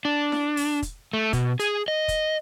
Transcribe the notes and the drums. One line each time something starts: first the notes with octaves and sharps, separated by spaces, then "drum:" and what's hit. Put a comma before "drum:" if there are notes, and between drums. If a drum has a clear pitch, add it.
D4
drum: snare E4
drum: open hi-hat
drum: kick, hi-hat
A3
B2, drum: kick, hi-hat
G#4, drum: hi-hat
D#5
drum: kick, hi-hat